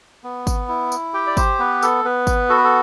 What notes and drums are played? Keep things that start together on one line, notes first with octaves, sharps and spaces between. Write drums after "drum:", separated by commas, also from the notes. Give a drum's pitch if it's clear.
B3
drum: kick G#1, tambourine
E4
drum: tambourine
G4 G5
D5
C5, drum: kick G#1, tambourine
B3 B4
A4, drum: tambourine
B3 B4
drum: kick G#1, tambourine
F#4 A4
B4
A4